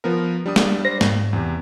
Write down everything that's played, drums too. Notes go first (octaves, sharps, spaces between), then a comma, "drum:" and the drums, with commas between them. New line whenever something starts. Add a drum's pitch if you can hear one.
F3 B3 A#4
G3 D4 D#6
drum: snare
C5 A#6
G#2, drum: snare
E2 C3